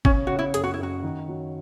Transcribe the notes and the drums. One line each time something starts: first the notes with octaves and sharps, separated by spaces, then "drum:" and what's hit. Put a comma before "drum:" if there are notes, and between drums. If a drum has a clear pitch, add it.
C#3 C#4, drum: kick G1
C#3 F#4
E4
F#1 G#4, drum: hi-hat
F#4
E4
F#1 F#4
D#3
F#3